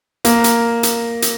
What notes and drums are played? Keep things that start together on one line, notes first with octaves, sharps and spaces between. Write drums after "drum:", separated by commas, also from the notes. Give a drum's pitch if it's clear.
A#3, drum: hi-hat
drum: hi-hat
drum: hi-hat
drum: hi-hat